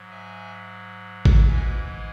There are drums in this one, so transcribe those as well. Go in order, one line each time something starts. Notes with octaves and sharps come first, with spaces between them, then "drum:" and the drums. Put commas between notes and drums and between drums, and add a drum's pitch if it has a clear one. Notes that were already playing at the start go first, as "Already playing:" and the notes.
Already playing: G#2 F#3
E5 G#5
drum: kick G#1
G#2 E3 G#3 E5 G#5